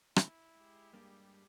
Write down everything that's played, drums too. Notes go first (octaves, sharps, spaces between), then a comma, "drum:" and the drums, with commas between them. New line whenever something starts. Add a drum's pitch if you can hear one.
E4, drum: rim click
G#3 G4
G2 G3 A#3 D4